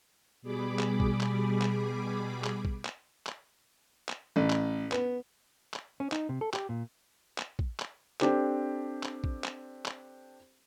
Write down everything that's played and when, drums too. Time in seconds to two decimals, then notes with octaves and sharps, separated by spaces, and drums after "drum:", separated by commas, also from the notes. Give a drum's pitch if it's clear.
0.42 B2 G3 G#4 B5 D6
0.79 drum: clap
1.00 drum: kick
1.20 drum: clap
1.62 drum: clap
2.44 drum: clap
2.65 drum: kick
2.85 drum: clap
3.26 drum: clap
4.09 drum: clap
4.36 A1
4.50 drum: clap
4.92 B3, drum: clap
5.74 drum: clap
6.00 C#4
6.12 D#4, drum: clap
6.29 C3
6.41 A4
6.53 G4, drum: clap
6.69 A#2
7.38 drum: clap
7.59 drum: kick
7.80 drum: clap
8.21 C4 D4 G4 A4, drum: clap
9.03 drum: clap
9.24 drum: kick
9.44 drum: clap
9.85 drum: clap